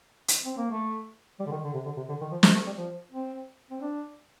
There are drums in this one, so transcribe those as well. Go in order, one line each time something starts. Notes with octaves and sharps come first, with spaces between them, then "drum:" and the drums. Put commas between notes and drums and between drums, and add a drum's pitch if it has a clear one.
drum: hi-hat
C4
A#3
A3
G3
D3
D#3
D3
C3
D3
C3
D3
D#3
F3
A3, drum: snare
A3
G3
F3
C4
C4
D4